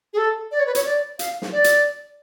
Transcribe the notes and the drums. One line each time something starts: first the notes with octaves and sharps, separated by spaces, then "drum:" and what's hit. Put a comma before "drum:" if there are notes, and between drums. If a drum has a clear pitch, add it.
G#4
A4
D5
C#5
B4
C#5, drum: hi-hat
D5
F5, drum: hi-hat
drum: snare
D5
drum: hi-hat